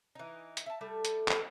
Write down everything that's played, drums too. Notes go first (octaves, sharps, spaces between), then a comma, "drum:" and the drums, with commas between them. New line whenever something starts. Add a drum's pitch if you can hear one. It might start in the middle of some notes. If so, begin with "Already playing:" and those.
E3 D#4
drum: hi-hat
E5 A5
G3 A3 A4
drum: hi-hat
drum: clap